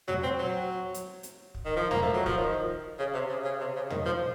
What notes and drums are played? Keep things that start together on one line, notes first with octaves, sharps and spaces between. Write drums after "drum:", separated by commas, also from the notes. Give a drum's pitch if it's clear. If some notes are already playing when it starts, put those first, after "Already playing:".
F#3, drum: tom
C4
F#3
drum: hi-hat
drum: hi-hat
drum: kick
D#3
F3
A#3, drum: tom
A3
F#3
F3, drum: kick
D#3
C#3
C3
C#3
C#3
C3
C#3
D#3, drum: tom
F3